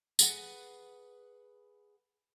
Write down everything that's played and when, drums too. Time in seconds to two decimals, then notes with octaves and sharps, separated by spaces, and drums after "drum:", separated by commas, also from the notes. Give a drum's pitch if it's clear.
0.19 G#4 B4 F#5, drum: tambourine